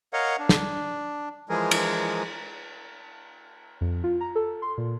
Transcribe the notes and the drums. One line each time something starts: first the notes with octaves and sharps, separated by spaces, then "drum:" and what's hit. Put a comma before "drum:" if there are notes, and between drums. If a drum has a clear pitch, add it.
A#4 C#5 D#5 F5 F#5
D4
drum: snare
E3 F3 G#3 G#4 A#4
drum: cymbal
F2
F4
A#5
A4
C6
A#2